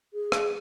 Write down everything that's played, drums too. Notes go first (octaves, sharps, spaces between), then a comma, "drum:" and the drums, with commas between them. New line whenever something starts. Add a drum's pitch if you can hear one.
G#4
drum: rim click